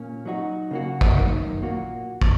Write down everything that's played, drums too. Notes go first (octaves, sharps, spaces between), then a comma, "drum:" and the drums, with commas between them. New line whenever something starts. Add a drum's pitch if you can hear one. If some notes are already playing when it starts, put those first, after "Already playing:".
Already playing: A#2 A#3 C#4
F#3 D#4 F#4
C#3 A#3 F#4
drum: kick
F#2 D#3 A#3
A#2 A#3 F#4
drum: kick